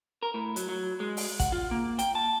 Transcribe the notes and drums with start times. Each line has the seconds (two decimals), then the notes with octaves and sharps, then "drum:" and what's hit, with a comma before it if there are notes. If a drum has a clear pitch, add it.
0.23 A#4
0.34 A2
0.56 F#3, drum: hi-hat
0.69 F#3
1.00 G#3
1.17 drum: open hi-hat
1.40 F#5, drum: kick, hi-hat
1.52 F4
1.71 A#3
1.99 G5, drum: hi-hat
2.15 A5